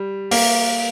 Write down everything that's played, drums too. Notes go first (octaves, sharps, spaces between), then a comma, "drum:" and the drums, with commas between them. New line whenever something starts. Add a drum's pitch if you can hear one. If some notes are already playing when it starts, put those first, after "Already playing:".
Already playing: G3
A#3, drum: open hi-hat